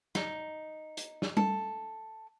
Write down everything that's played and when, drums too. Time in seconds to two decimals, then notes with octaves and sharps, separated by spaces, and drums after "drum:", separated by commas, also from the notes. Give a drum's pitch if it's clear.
0.15 D#4, drum: snare
0.97 drum: hi-hat
1.22 drum: snare
1.37 A4, drum: tom G3